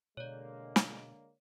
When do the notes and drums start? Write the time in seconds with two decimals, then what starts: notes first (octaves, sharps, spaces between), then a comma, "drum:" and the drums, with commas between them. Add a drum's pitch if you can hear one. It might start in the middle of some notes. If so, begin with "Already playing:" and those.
0.17 B2 D3 G#3 A#3 C#5 D5
0.76 drum: snare